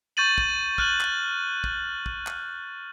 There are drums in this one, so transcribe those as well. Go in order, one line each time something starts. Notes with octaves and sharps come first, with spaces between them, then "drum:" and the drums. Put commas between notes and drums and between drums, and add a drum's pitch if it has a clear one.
C#6 G6 A6 D#7 F#7
drum: kick
F6 F#6 D#7 F#7, drum: kick
drum: clap
drum: kick
drum: kick
drum: clap